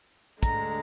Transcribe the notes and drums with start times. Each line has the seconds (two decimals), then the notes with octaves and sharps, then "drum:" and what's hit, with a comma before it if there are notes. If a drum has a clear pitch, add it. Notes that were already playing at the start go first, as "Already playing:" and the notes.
0.43 D2 D3 G#3 A#5, drum: kick, hi-hat